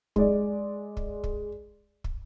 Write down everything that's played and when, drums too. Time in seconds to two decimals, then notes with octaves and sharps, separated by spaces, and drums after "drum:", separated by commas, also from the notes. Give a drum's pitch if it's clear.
0.16 G#3 D5, drum: kick
0.97 drum: kick
1.24 drum: kick
2.04 drum: kick